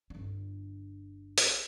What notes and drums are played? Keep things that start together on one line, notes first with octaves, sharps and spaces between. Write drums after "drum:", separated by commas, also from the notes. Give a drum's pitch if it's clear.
G1 D4
drum: hi-hat